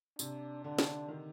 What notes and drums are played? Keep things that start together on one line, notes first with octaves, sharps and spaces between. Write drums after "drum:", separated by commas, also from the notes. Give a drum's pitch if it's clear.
C3 D4, drum: tambourine
D3 D4
drum: snare
D#3